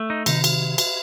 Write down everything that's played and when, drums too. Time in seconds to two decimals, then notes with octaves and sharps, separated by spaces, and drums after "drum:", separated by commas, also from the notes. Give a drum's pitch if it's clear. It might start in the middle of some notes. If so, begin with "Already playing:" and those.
Already playing: A3
0.10 D#4
0.26 C3 D#3 D#4, drum: cymbal
0.44 drum: cymbal
0.78 drum: cymbal